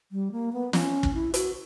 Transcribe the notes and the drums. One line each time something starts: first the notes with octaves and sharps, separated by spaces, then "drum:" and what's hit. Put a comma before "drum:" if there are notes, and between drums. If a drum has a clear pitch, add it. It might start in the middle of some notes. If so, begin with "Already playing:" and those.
G3
A#3
B3
C#4, drum: snare
drum: kick
E4
F#4, drum: hi-hat